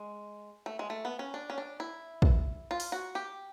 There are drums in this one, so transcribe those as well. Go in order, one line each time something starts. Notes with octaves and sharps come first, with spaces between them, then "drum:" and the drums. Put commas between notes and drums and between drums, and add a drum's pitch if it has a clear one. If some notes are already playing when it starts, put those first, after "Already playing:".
Already playing: G#3
A3
G#3
A3
B3
C#4
D4
C#4
D4
E4
drum: kick
F4
drum: open hi-hat
F#4
G4